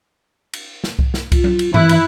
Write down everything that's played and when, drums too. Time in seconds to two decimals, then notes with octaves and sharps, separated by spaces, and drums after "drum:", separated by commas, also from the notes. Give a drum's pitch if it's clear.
0.53 drum: cymbal
0.84 drum: snare
0.99 drum: kick C2
1.14 drum: snare
1.32 F4, drum: kick C2, cymbal
1.44 drum: tom F#3
1.59 drum: cymbal
1.74 E3 E4 F#6, drum: tom G2
1.89 drum: cymbal